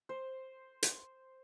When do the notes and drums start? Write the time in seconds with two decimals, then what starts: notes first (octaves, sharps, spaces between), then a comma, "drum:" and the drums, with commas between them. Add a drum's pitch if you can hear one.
0.09 C5
0.83 drum: hi-hat